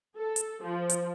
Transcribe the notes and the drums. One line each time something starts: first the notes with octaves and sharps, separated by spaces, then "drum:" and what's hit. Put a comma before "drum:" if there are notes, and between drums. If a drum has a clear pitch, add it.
A4
drum: hi-hat
F3
drum: hi-hat